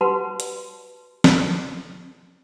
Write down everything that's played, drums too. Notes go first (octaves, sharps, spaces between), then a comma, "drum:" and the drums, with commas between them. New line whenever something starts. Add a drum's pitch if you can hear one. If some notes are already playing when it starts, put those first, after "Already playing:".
F#4 G4 B4 F#5 A5 C6
drum: hi-hat
drum: snare